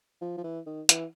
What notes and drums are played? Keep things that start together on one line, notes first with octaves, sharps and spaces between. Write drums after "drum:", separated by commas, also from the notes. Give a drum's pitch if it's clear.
F3
F3
E3
D#3
E3, drum: hi-hat